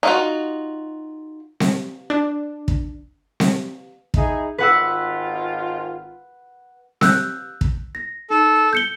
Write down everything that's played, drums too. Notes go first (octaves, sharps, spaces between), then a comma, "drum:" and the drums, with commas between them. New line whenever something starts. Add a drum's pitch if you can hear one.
D#4 F4 F#4
drum: snare C4
D4
drum: kick
drum: snare C4
D#4 E4 G#4, drum: kick
G#1 F4 B4 F#5 E6
E6 F#6 G6, drum: snare C4
drum: kick
A#6
D#4 A4
G6 C#7 G7